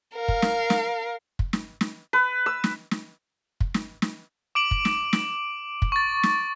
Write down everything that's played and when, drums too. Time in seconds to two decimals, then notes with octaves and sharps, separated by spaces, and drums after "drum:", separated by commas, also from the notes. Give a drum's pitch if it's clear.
0.15 A#4 F5
0.28 drum: kick
0.42 drum: snare
0.70 drum: snare
1.39 drum: kick
1.53 drum: snare
1.81 drum: snare
2.13 B4
2.46 E6
2.64 drum: snare
2.91 drum: snare
3.60 drum: kick
3.74 drum: snare
4.02 drum: snare
4.55 D6 D7 F#7
4.71 drum: kick
4.85 drum: snare
5.13 drum: snare
5.82 drum: kick
5.92 C#6 A6
6.23 drum: snare